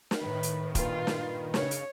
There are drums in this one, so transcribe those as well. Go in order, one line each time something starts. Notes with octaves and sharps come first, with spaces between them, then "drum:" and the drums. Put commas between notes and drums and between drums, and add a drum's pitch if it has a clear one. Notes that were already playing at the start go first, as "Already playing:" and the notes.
drum: snare
A2 D#3 B4
drum: hi-hat
G2 A#2 F4 B4, drum: kick E1, hi-hat
drum: snare
C#3 C#5, drum: snare
drum: hi-hat